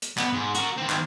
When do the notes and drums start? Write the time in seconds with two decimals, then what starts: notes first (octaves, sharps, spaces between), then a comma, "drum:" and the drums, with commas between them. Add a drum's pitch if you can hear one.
0.02 drum: hi-hat
0.17 B3, drum: clap
0.33 G#2
0.55 F#4 A#4, drum: hi-hat
0.77 D#3 C4
0.90 drum: clap